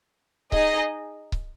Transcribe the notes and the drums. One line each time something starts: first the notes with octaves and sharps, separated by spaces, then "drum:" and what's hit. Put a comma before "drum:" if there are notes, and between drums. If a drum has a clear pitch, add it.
D#4 G#4 D#5, drum: kick C#1
drum: kick C#1